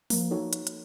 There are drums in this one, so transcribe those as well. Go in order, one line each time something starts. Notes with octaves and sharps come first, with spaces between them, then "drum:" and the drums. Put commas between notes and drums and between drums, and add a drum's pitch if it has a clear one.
F3 A#3, drum: open hi-hat
D#4 F#4 A4 C#5
drum: hi-hat
drum: hi-hat